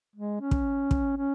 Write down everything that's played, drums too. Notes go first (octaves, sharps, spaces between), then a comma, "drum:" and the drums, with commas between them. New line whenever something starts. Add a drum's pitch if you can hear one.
G#3
C#4
drum: kick
drum: kick
C#4